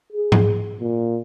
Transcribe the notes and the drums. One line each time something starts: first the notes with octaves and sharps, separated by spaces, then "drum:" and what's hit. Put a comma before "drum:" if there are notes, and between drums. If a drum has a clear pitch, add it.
G#4
drum: tom G#2
A#2